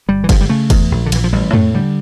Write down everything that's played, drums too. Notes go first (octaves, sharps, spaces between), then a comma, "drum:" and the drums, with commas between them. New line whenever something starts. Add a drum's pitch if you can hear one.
G1 G3
E3
G1 F3, drum: kick, cymbal
G3
C#3 A3
E2, drum: kick, cymbal
A#1
D3
A#1 E3, drum: cymbal
F3
A1 G3
A2 A3, drum: tom
D3 G3